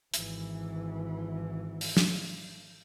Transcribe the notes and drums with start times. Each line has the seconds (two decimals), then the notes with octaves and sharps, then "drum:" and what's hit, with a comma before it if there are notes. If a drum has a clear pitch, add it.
0.14 G#1 E3, drum: hi-hat
1.81 drum: open hi-hat
1.97 drum: snare